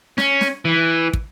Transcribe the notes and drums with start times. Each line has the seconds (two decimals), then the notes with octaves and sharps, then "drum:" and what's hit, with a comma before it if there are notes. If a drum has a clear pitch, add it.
0.18 C#4, drum: snare
0.41 drum: snare
0.65 E3
1.14 drum: kick